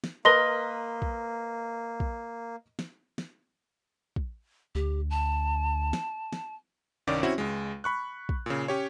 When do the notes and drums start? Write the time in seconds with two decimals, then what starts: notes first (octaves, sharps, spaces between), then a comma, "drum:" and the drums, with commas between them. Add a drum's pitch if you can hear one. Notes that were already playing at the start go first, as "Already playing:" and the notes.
0.04 drum: snare
0.25 A#3 A#4 B4 D#5 C6 A#6 G7
1.02 drum: kick
2.00 drum: kick
2.79 drum: snare
3.18 drum: snare
4.16 drum: kick
4.75 D2 G4
5.10 A5
5.93 drum: snare
6.33 drum: snare
7.07 C2 G2 D#3 C#4 D5 D6
7.23 C4 C#4 E4 F#4 F#5
7.38 C#2 G#3
7.84 B5 C#6 F#6
8.29 drum: kick
8.46 A#2 C#3
8.68 C#4 G4 C#5